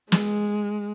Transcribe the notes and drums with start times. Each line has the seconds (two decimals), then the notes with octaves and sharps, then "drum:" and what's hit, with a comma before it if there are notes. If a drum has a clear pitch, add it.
0.12 G#3, drum: snare